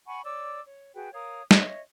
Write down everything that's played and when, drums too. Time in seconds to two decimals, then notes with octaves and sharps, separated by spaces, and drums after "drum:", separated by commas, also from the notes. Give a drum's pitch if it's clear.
0.06 F#5 G#5 B5 C#6
0.25 C#5 D5 D6 E6
0.66 C#5
0.95 F#4 G#4 B4 G5
1.13 A#4 C#5 F5 D#6
1.51 C#5 D#5 E5, drum: snare